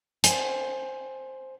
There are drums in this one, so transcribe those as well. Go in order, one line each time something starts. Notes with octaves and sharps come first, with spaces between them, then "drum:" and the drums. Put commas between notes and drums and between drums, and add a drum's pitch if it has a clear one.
C5 G#5, drum: hi-hat